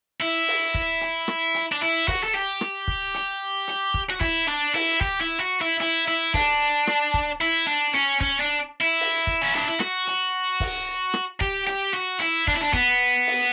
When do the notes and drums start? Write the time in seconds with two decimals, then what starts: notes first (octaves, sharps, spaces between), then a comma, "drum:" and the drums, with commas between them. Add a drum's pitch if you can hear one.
0.22 E4
0.48 drum: open hi-hat
0.74 drum: kick
1.01 drum: hi-hat
1.28 drum: rim click
1.54 drum: hi-hat
1.72 D4
1.81 E4
2.08 F#4, drum: kick, open hi-hat
2.24 A4
2.35 G4
2.61 drum: rim click
2.88 drum: kick
3.14 drum: hi-hat
3.68 drum: hi-hat
3.94 drum: kick
4.10 F#4
4.21 E4, drum: kick, hi-hat
4.48 D4
4.74 E4, drum: open hi-hat
5.01 G4, drum: kick
5.21 E4
5.40 F#4
5.61 E4
5.80 E4, drum: hi-hat
6.08 E4
6.34 D4, drum: kick, open hi-hat
6.87 drum: rim click
7.14 drum: kick
7.41 E4
7.67 D4
7.94 C#4, drum: hi-hat
8.21 C#4, drum: kick
8.40 D4
8.81 E4
9.00 drum: open hi-hat
9.27 drum: kick
9.42 C#4
9.55 D4, drum: hi-hat
9.67 E4
9.80 F#4, drum: rim click
10.07 drum: hi-hat
10.60 drum: kick, open hi-hat
11.14 drum: rim click
11.41 G4, drum: kick
11.67 G4, drum: hi-hat
11.93 F#4
12.20 E4, drum: hi-hat
12.47 D4, drum: kick
12.53 E4
12.61 D4
12.73 B3, drum: kick, hi-hat
13.27 drum: open hi-hat